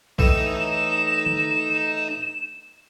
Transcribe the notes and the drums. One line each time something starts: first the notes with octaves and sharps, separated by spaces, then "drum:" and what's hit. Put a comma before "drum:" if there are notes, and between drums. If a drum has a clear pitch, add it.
A2 E3 D#4 D#5 E7, drum: kick A#1
drum: tom D3